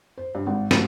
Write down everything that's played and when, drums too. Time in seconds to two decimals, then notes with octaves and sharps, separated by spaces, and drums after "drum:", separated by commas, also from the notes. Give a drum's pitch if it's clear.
0.18 C5
0.35 G2
0.46 G#1
0.71 A1, drum: snare